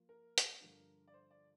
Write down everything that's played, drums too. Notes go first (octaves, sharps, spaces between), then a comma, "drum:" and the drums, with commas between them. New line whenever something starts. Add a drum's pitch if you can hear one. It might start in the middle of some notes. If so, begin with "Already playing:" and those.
Already playing: F3 A#3 F4
A#4
drum: hi-hat
G2 D3 F3 D4
D5
C5
D5